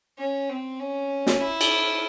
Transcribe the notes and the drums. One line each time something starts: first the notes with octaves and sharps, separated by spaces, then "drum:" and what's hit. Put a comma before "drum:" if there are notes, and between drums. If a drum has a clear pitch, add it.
C#4
C4
C#4
drum: snare
E4
drum: cymbal